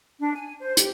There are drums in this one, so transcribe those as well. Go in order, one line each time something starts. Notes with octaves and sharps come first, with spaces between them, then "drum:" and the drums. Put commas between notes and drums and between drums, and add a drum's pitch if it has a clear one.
D4
G#5
C5
G4, drum: hi-hat